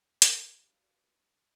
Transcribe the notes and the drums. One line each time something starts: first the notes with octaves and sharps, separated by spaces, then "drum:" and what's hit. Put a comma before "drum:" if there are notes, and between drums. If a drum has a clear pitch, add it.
D4 F#4 G4 A#4 B4 F5, drum: hi-hat